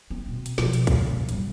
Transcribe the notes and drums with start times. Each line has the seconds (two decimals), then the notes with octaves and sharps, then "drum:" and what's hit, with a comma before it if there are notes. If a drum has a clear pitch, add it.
0.10 A3 C4
0.26 B2 C4
0.46 drum: hi-hat
0.58 B2 F3, drum: snare
0.73 drum: hi-hat
0.87 drum: kick, hi-hat
1.09 A2 F3
1.29 F#1 G3, drum: hi-hat